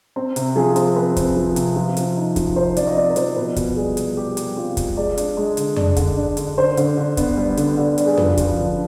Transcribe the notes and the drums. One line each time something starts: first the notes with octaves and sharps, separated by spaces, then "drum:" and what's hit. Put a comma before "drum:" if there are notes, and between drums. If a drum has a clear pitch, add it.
C4
C3, drum: hi-hat
F3 G#4
C4, drum: hi-hat
C4 B4
C4, drum: kick, hi-hat
F3
C3, drum: hi-hat
F3
F3, drum: hi-hat
D#4
F3, drum: kick, hi-hat
D#4 C5
F3 D5, drum: hi-hat
D#5
C4 D5
B4
F3 C5, drum: hi-hat
B2 B4
B2, drum: kick, hi-hat
G3 G#4
G3, drum: hi-hat
G3 G4
G3, drum: hi-hat
C4 F4
G3, drum: kick, hi-hat
G#3 D5
D4, drum: hi-hat
G#3
D3, drum: hi-hat
D4, drum: tom F2
D3, drum: kick, hi-hat
D4
D3, drum: hi-hat
D3 C5
D3, drum: hi-hat
D3
B3, drum: kick, hi-hat
G3
D3, drum: hi-hat
D3
G3, drum: hi-hat
G#4
F3 B4, drum: tom F2
F3, drum: kick, hi-hat
D3